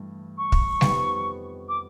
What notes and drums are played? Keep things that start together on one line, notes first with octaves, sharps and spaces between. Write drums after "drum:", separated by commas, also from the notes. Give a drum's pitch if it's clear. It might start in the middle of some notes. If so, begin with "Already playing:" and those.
Already playing: G2 E3 A3
C#6
drum: kick
F2 C3 D#3 G3 B3, drum: snare G3
D6